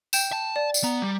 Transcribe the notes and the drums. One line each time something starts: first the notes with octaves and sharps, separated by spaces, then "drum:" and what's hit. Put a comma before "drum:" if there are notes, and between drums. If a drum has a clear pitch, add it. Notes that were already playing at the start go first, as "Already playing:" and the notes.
G5 G6 E7, drum: tambourine
A5
D5
drum: tambourine
B3 A#5
G3